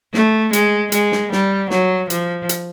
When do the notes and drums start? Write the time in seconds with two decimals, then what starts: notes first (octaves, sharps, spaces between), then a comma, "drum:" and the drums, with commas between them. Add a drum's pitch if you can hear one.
0.14 A3, drum: snare
0.53 G#3, drum: hi-hat
0.92 G#3, drum: hi-hat
1.12 drum: snare
1.32 G3, drum: snare
1.70 F#3, drum: snare
2.10 F3, drum: hi-hat
2.49 drum: hi-hat